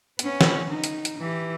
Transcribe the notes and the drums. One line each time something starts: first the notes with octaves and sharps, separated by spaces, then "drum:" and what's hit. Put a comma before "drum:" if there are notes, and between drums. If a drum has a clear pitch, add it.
B3 C#4, drum: hi-hat
drum: snare
D#4
drum: hi-hat
drum: hi-hat
E3 G4